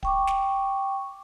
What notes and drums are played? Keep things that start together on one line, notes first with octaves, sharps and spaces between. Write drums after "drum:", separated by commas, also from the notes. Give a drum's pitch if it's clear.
G5 C#6 D6, drum: kick
drum: snare